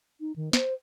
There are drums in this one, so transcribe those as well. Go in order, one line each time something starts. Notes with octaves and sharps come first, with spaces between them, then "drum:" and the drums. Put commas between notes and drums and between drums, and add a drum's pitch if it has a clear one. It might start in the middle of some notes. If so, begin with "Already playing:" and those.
D#4
D#3
C5, drum: snare